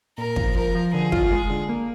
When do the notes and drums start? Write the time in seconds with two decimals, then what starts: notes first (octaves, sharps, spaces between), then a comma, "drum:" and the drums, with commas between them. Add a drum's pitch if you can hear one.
0.18 A#2 A#4
0.36 F3, drum: kick
0.55 F3 A#4
0.75 F3
0.94 D3 G#4
1.12 F4, drum: kick
1.32 G#3
1.50 D3
1.69 A#3